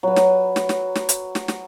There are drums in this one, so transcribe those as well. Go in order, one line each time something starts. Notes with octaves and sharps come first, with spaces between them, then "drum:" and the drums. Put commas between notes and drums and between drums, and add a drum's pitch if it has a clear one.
F#3 B4
drum: snare
drum: snare
drum: snare
drum: snare
drum: hi-hat
drum: snare
drum: snare